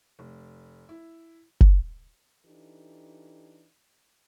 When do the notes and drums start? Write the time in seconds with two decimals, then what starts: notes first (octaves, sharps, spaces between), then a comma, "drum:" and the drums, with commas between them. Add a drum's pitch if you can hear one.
0.19 F1
0.89 E4
1.61 drum: kick F#1
2.46 E3 D4 D#4 G4 A4